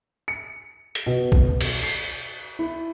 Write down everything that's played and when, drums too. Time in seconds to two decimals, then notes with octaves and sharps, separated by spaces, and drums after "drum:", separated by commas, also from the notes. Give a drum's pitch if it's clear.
0.28 C#7
0.95 drum: hi-hat
1.06 B2
1.32 drum: kick
1.61 drum: cymbal
1.83 C7
2.59 E4